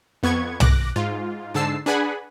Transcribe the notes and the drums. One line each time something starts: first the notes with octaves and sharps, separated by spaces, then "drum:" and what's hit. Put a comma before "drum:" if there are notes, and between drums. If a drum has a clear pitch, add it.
F2 B3 C#6 G#6
D6 F#6 A#6, drum: tom
G#2 F4
G#2 D3 A5 E6 C7
D4 G#4 B4 F#5 G#5 B5